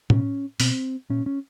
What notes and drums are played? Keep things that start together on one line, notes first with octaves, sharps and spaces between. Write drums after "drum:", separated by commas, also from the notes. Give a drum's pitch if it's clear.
B2 C#4, drum: tom A2
B2 C4, drum: open hi-hat
A#2 C#4
C#4